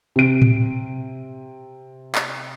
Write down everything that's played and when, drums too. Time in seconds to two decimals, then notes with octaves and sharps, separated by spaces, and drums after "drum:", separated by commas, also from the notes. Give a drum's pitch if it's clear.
0.16 C3 D7
0.42 drum: tom A2
2.15 drum: clap